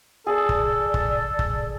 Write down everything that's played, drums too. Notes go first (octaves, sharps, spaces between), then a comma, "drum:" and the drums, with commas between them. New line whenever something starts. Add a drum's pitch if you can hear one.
G#4 A4 D5 A5
drum: kick
drum: kick
drum: kick